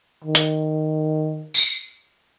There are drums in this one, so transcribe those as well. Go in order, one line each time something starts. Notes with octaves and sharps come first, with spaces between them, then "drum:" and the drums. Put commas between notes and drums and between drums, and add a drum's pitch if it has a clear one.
D#3
drum: hi-hat
drum: tambourine